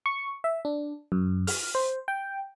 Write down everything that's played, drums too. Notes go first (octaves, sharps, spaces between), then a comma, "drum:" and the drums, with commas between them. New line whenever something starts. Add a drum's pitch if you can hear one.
C#6
E5
D4
F#2
F6, drum: open hi-hat
C5
G5